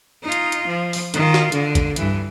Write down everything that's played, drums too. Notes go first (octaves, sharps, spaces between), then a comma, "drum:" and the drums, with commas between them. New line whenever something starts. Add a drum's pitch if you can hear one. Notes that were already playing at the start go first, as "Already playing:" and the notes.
D#4 F4
drum: hi-hat
drum: hi-hat
F3
drum: open hi-hat
D#3 F4, drum: hi-hat
drum: snare
D3, drum: hi-hat
drum: kick, hi-hat
G2 E3, drum: hi-hat